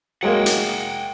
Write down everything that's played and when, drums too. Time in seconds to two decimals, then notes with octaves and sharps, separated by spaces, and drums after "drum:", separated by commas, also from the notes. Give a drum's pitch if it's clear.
0.23 F#3 G#3 A#3 F#5 G5
0.46 drum: hi-hat